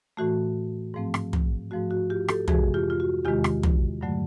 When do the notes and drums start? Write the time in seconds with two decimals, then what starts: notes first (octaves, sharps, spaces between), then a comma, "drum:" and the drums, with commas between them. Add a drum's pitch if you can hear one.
0.17 A2 E3 A3 F#4
0.94 G#2 F3 A3 C4
1.14 drum: rim click
1.33 drum: tom
1.71 G#2 F3 A3 F#4
1.91 F#4
2.10 F4 G4
2.28 G4 A4, drum: rim click
2.48 F2 C3 E3 G#3 F#4 G#4, drum: tom
2.74 F4 G4
2.90 F4
3.00 F#4
3.25 E2 C3 D#3 G#3 F4 G4
3.44 drum: rim click
3.63 drum: tom
4.01 G2 D3 F#3 A3